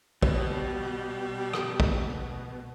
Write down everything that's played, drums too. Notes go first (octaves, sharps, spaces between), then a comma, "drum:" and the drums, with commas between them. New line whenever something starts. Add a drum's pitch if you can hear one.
B2 G3, drum: kick
drum: rim click
drum: kick